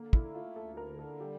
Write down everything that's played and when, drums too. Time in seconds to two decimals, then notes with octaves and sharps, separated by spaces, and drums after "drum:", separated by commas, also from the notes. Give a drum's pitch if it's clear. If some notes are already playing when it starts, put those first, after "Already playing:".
Already playing: D3 A#3
0.13 E4, drum: kick
0.24 A3
0.35 F4
0.56 D2 A4
0.77 A#4
0.88 D3
0.99 A4
1.20 G3 G4